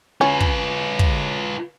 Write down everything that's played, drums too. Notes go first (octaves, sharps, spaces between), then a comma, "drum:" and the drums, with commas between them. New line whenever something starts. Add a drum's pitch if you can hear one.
C#4 F4 B4
drum: kick
drum: kick